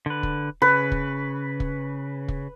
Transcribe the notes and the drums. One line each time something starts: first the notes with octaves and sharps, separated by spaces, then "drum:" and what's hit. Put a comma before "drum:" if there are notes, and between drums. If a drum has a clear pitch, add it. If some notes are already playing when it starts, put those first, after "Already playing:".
D3 B4
drum: kick
C#3 B4
drum: kick
drum: kick
drum: kick